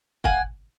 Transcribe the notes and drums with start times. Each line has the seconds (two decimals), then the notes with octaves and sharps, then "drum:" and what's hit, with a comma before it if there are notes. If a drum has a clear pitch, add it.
0.24 A#3 F#5 G#5, drum: kick